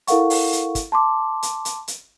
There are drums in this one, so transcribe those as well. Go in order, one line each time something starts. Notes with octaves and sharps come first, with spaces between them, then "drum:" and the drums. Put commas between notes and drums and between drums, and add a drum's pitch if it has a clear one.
E4 A4 A#4 F5 F#5 C#6, drum: hi-hat
drum: open hi-hat
drum: hi-hat
drum: kick, hi-hat
A5 C6 D6
drum: hi-hat
drum: hi-hat
drum: hi-hat